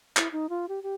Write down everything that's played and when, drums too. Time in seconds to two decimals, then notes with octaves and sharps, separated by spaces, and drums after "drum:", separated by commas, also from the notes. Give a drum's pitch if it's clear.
0.17 E4, drum: clap
0.32 D#4
0.49 F4
0.69 G4
0.83 G4